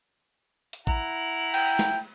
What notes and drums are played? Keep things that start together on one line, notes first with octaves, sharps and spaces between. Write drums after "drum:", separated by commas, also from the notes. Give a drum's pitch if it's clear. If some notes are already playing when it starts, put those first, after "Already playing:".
drum: hi-hat
E4 F#5 A#5, drum: kick A1
G5, drum: cymbal
drum: snare